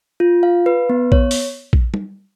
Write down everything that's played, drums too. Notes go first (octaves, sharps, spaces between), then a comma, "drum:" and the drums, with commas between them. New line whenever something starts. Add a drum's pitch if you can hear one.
F4
F5
B4
B3
C#5, drum: kick A#1
drum: open hi-hat
drum: kick A#1
drum: tom G3